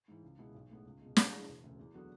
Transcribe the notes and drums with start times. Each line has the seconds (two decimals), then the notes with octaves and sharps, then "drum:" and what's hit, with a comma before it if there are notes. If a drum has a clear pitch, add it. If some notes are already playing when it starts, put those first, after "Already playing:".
0.08 G#2 E3
0.23 C#2
0.39 B2 G#3 B3 E4
0.54 B1
0.70 A2 G#3 B3
0.86 C#2
1.01 B2 G#3
1.17 A2, drum: snare
1.32 E3 G#3 D4 G#4
1.48 E1
1.64 D2 C#3
1.79 E2
1.95 D3 F#3 B3 F#4